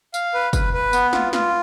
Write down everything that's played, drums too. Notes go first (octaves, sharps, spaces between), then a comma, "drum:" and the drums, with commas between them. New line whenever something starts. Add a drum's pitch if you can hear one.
F5, drum: tambourine
B4
B4, drum: kick, tambourine
B4
B3, drum: tambourine
F4, drum: snare
F4, drum: snare